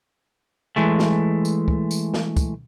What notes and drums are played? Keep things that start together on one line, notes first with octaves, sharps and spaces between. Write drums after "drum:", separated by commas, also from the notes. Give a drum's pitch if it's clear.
E3 G#3 A3
drum: snare
drum: tambourine
drum: kick
drum: tambourine
drum: snare
drum: kick, tambourine